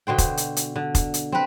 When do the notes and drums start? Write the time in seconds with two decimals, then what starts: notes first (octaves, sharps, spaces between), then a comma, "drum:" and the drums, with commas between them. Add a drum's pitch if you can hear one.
0.07 B2 D3 C5 G5
0.18 drum: kick F1, hi-hat
0.37 drum: hi-hat
0.56 drum: hi-hat
0.76 D3
0.95 drum: kick F1, hi-hat
1.14 drum: hi-hat
1.32 C4 B4